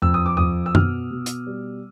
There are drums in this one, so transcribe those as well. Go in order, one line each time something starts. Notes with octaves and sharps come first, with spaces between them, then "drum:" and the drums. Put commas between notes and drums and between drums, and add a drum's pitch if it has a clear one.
F2 E6
D#6
D6
F2 D#6
E6
B2 F6, drum: tom F#2
B2
drum: hi-hat
G3